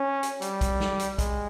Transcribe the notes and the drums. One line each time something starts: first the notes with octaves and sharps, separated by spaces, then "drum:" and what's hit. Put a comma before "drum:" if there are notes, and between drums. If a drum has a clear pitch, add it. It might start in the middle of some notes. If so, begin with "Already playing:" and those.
Already playing: C#4
drum: hi-hat
G3, drum: hi-hat
drum: kick, hi-hat
drum: snare
drum: hi-hat
G#3, drum: kick, hi-hat